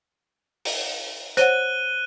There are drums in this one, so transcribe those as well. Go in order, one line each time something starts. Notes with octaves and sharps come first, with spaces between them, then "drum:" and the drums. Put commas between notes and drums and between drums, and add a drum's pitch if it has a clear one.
drum: open hi-hat
C5 C#5 F#5 F#6 D#7 G7, drum: hi-hat